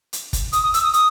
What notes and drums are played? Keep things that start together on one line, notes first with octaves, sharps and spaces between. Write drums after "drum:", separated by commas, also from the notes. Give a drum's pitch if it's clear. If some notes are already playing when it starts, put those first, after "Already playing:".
drum: hi-hat
drum: kick, hi-hat
D#6, drum: hi-hat
D#6
E6, drum: hi-hat
D#6
D#6, drum: hi-hat